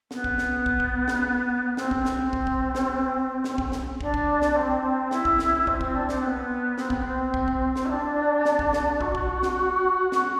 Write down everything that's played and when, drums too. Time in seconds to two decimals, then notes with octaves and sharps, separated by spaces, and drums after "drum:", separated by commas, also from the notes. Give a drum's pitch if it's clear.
0.11 B3, drum: snare
0.24 drum: kick
0.38 drum: snare
0.66 drum: kick
0.80 drum: kick
1.08 drum: snare
1.77 C4, drum: snare
1.91 drum: kick
2.05 drum: snare
2.33 drum: kick
2.47 drum: kick
2.75 drum: snare
3.44 drum: snare
3.58 drum: kick
3.72 drum: snare
4.01 D4, drum: kick
4.14 drum: kick
4.42 drum: snare
4.55 C4
5.11 E4, drum: snare
5.25 drum: kick
5.39 drum: snare
5.67 C4, drum: kick
5.81 C4, drum: kick
5.95 D4
6.09 C4, drum: snare
6.22 B3
6.78 C4, drum: snare
6.90 B3, drum: kick
7.02 C4
7.34 drum: kick
7.48 drum: kick
7.76 drum: snare
7.85 E4
7.89 D4
8.45 drum: snare
8.59 drum: kick
8.73 drum: snare
9.01 F#4, drum: kick
9.15 drum: kick
9.43 drum: snare
10.12 F#4, drum: snare